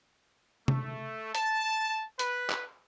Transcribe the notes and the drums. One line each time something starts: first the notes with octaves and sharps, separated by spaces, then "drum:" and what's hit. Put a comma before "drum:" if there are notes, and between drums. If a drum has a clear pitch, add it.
A3, drum: tom C3
A5, drum: hi-hat
B4, drum: hi-hat
drum: clap